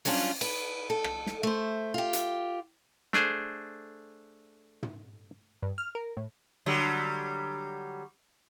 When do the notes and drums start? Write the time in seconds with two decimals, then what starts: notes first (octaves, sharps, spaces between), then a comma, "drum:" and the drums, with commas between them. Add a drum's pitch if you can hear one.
0.05 F#3 G3 C#4 D4 F4, drum: open hi-hat
0.41 B4, drum: cymbal
0.90 A4
1.04 drum: rim click
1.26 drum: snare
1.43 A3 C5
1.94 F4 G4
2.13 drum: hi-hat
3.13 A3 D4 G#4 C5, drum: snare
4.83 drum: tom
5.62 G2
5.78 F6
5.95 A#4
6.17 A2
6.66 D3 F#3 G3